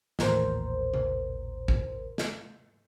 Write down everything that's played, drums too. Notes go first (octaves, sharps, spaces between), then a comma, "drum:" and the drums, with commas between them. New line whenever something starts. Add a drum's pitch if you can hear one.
A1 D#2 A#2 A#4 C5, drum: snare
drum: tom C3
drum: kick
drum: snare